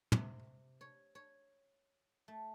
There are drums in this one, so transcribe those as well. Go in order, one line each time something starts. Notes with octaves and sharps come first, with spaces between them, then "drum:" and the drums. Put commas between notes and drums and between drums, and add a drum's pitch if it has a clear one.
C3, drum: tom
C#5
C#5
A3